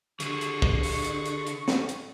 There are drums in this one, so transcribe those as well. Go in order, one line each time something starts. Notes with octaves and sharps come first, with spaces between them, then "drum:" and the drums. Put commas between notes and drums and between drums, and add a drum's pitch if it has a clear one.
D3 G#4 A4 C#6, drum: hi-hat
drum: hi-hat
drum: kick
drum: open hi-hat
drum: hi-hat
drum: hi-hat
drum: hi-hat
drum: snare
drum: hi-hat